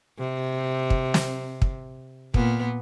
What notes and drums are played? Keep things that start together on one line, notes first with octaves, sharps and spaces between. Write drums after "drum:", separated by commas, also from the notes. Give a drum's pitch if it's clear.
C3
drum: kick
drum: snare
drum: kick
A#2 B3, drum: kick